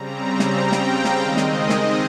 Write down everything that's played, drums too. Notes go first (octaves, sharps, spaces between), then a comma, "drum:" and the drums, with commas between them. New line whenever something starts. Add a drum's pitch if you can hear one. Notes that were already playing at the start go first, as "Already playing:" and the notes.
Already playing: C#3 G3 C4 A#5
A#5
drum: snare
G5
drum: snare
F5
drum: snare
D#3 G#3 C4 D#5
drum: snare
drum: snare